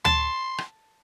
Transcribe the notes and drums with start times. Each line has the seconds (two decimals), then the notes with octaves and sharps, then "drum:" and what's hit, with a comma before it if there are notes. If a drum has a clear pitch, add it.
0.05 A5 C6, drum: tom D2
0.58 drum: rim click